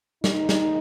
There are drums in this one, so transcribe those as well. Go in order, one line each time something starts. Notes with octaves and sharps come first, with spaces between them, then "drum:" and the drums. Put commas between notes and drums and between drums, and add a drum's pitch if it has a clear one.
D#2 D#3 G#3 D#4, drum: snare
drum: snare